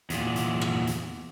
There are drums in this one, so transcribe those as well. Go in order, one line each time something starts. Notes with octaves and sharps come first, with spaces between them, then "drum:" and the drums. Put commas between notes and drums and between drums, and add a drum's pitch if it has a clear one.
E2 A#2, drum: hi-hat
drum: hi-hat
drum: rim click
drum: hi-hat